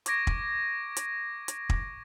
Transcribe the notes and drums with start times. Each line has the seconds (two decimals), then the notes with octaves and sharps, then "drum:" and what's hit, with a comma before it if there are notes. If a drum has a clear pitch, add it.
0.06 C#6 D6 G#6 A#6 D7, drum: hi-hat
0.27 drum: kick
0.97 drum: hi-hat
1.48 drum: hi-hat
1.70 drum: kick